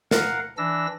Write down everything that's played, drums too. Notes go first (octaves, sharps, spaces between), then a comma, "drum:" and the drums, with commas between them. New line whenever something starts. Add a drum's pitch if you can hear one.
A#4 F5 F#5, drum: snare
E3 D4 E6 A#6